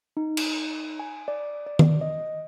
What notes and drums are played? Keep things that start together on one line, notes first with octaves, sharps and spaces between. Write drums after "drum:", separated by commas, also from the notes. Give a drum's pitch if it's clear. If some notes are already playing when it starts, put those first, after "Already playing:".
D#4
drum: cymbal
G#5
D5
D5
drum: tom D#3
D#5